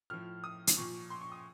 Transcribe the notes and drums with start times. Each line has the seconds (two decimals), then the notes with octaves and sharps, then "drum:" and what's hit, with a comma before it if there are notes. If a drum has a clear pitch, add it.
0.10 A2 F3 F6
0.44 D#6
0.67 drum: hi-hat
0.77 A#2 F3 C#6
1.10 C6
1.22 C#6
1.32 D#6